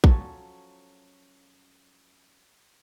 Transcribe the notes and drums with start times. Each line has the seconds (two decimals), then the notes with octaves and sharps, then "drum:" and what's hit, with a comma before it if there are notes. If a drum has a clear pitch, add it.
0.04 F3 F#3 C#4 A4, drum: kick